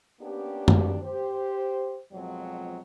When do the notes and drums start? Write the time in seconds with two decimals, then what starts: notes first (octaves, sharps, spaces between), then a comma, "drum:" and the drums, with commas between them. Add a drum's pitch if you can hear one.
0.20 A#3 B3 C#4 D4 G4
0.68 drum: tom F#2
1.02 G4 C5
2.13 F2 B2 F3 F#3 G#3 C4